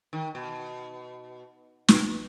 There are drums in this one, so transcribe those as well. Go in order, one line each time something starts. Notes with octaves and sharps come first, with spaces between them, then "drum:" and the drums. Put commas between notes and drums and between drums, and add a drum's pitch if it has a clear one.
D#3
B2
A#2, drum: snare